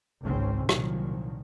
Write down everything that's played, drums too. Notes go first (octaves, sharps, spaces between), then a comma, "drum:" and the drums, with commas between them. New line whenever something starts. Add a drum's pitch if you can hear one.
G#1 C#2 C4 C#4
C2 A#2 D#3 F3 F#3, drum: rim click